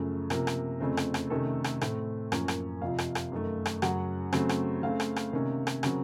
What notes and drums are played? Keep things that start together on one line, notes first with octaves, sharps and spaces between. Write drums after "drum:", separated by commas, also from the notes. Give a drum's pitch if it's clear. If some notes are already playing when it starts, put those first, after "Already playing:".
Already playing: F#2 C#3 F3 A3
C3 F3 A#3 C#4 A#4, drum: rim click
drum: rim click
F2 C#3 A3 C4
drum: rim click
drum: rim click
C3 D#3 A3 C#4 A4
drum: rim click
A2 A3 C4, drum: rim click
F#2 F3 A#3 C#4, drum: rim click
drum: rim click
F2 C3 F3 F5
drum: rim click
drum: rim click
F#2 D#3 A3
drum: rim click
F#2 C#3 F#3 F#5, drum: rim click
C#3 F#3 A3 C4, drum: rim click
drum: rim click
C#3 A3 C4 F5
drum: rim click
drum: rim click
C3 D#3 A#3 C#4
drum: rim click
C#3 F#3 C4 A#4, drum: rim click